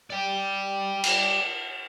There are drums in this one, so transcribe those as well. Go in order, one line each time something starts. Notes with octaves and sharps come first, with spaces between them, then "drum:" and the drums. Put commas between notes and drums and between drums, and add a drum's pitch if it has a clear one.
D5 G5
drum: cymbal